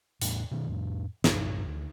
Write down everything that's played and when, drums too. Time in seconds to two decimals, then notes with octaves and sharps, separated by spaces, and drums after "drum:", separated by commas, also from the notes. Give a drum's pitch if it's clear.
0.21 E2 A2, drum: hi-hat
0.51 B2 D#3 B3
0.68 F2 A2
1.24 A#1 F#2 A2, drum: snare
1.66 D2